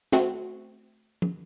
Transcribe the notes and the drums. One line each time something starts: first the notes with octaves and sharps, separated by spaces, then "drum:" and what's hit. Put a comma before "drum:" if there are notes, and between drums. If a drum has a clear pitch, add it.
A3 C4 F#4, drum: snare
drum: tom F3